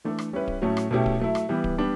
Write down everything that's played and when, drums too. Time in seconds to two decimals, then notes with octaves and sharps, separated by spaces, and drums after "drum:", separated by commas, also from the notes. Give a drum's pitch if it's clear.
0.05 E3 A3 D4 A4
0.18 drum: rim click
0.33 G3 C#4 E4 B4
0.48 drum: kick D1
0.62 A2 F#3 A3 C#4
0.77 drum: rim click
0.91 B2 A3 C#4 E4 G4
1.06 drum: kick D1
1.20 F#3 A3 E4
1.35 drum: rim click
1.49 E3 G3 B3
1.64 drum: kick D1
1.78 G3 B3 D4